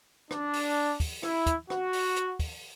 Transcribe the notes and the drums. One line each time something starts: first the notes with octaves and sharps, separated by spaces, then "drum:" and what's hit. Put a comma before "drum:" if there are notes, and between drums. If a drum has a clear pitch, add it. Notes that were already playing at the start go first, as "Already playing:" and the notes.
D4, drum: rim click
drum: open hi-hat
drum: kick, open hi-hat
E4, drum: rim click
drum: kick, hi-hat
F#4, drum: rim click
drum: open hi-hat
drum: hi-hat
drum: kick, open hi-hat